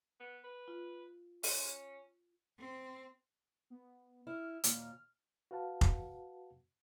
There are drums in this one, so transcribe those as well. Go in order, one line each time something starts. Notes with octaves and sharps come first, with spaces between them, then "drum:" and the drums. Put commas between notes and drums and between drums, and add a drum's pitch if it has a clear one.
B3
B4
F4
C#4, drum: open hi-hat
C4
B3
E4 F6
D#2 A#2, drum: hi-hat
F#4 B4 F5 F#5 A5
drum: kick F1